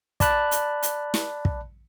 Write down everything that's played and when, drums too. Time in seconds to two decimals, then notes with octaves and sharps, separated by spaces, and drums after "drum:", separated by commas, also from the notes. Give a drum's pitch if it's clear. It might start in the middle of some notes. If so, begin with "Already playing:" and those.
0.20 D5 A5 B5 F#6, drum: kick, hi-hat
0.51 drum: hi-hat
0.83 drum: hi-hat
1.14 drum: snare
1.45 drum: kick